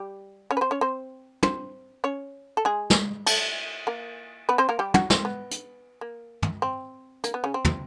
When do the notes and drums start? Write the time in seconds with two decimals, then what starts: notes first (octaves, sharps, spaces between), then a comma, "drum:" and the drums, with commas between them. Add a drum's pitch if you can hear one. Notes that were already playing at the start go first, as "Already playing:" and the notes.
Already playing: G3 G4
0.51 C#4 C#5
0.57 B4
0.61 C4 C5
0.71 C#4 C#5
0.81 C4 C5
1.43 C4 C5, drum: tom
2.04 C#4 C#5
2.57 A4
2.65 G#3 G#4
2.90 drum: snare
3.26 A3 A4, drum: cymbal
3.87 A#3 A#4
4.49 B3 B4
4.58 C4 C5
4.69 A#3 A#4
4.79 G3 G4
4.94 F#3 F#4, drum: tom
5.10 C4, drum: snare
5.25 B3
5.51 drum: hi-hat
6.01 A#3
6.42 drum: tom
6.62 C4
7.24 A#3, drum: hi-hat
7.34 B3
7.44 C#3 C#4
7.54 C4
7.65 drum: tom